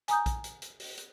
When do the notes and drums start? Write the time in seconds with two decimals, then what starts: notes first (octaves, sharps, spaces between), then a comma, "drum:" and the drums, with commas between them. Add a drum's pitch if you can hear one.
0.08 G#5 A#5 D#6 G6, drum: hi-hat
0.26 drum: kick A#1, hi-hat
0.44 drum: hi-hat
0.62 drum: hi-hat
0.80 drum: open hi-hat
0.98 drum: hi-hat